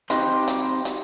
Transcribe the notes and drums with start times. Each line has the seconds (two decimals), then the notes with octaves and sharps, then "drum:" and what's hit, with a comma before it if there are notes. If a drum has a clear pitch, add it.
0.10 C4 D#4 G4 B4 C5, drum: hi-hat
0.48 drum: hi-hat
0.85 drum: hi-hat